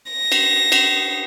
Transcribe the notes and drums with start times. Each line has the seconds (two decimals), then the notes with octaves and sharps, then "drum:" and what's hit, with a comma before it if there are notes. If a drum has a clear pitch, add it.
0.11 A#6
0.32 drum: cymbal
0.72 drum: cymbal